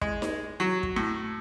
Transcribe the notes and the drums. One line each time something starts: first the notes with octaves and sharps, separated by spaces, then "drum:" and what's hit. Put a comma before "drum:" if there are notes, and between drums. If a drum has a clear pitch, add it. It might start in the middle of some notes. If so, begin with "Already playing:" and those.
G#3, drum: kick
drum: snare D#4
F#3
drum: kick
A2